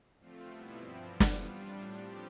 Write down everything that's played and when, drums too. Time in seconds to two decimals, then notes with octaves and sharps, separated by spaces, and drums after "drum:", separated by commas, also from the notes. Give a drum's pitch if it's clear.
0.19 D3 F3 A3 C4 F4
0.48 B2 G3 B3 E4
0.77 G2 F3 C4
1.04 E3 G3 B3
1.20 drum: snare
1.33 E3 G3 D4 F4
1.62 A2 G3 D4
1.90 A2 F3 C4 G4